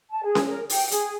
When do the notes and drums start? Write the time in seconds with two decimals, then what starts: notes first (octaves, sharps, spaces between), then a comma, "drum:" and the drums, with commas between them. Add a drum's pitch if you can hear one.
0.10 A5
0.24 G#4
0.35 drum: snare C#4
0.47 A#4
0.69 G5, drum: open hi-hat
0.91 G#4, drum: hi-hat